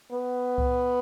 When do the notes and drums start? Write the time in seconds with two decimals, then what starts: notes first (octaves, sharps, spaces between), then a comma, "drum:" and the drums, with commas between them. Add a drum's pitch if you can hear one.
0.12 B3
0.58 drum: kick C2